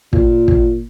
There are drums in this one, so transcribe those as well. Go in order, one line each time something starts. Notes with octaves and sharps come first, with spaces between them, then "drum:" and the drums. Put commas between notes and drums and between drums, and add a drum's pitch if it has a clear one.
A#2, drum: kick
drum: kick